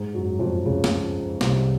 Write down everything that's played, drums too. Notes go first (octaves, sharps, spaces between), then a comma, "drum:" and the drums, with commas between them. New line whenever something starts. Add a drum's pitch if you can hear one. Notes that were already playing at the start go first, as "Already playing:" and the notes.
Already playing: G#2 G#3
F#2 F#3
F2 F3
C#2 C#3
drum: snare
C2 C3, drum: snare